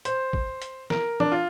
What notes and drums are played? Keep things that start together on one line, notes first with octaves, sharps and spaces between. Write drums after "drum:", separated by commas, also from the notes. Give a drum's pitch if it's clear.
C5, drum: hi-hat
drum: kick
drum: hi-hat
A#4, drum: snare
D4, drum: tom E3
F4